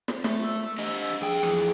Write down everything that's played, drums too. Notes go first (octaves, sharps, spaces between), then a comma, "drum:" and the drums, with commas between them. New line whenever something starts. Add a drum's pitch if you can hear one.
drum: snare
A3, drum: snare
E6
D4 G4 D#5
F2 G#4 G5
F2 E3 G#4, drum: rim click